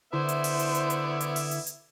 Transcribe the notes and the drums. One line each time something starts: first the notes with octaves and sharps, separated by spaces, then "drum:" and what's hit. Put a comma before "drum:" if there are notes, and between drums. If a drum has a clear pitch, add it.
D3 B3 E4 C5 D5 E5
drum: hi-hat
drum: open hi-hat
drum: hi-hat
drum: hi-hat
drum: hi-hat
drum: hi-hat
drum: open hi-hat
drum: hi-hat
drum: hi-hat